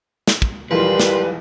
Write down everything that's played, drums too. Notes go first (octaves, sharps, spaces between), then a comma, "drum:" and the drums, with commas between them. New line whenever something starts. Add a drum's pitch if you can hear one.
drum: snare
drum: kick
B1 E2 F3 G3 A#4 B4 C6
drum: snare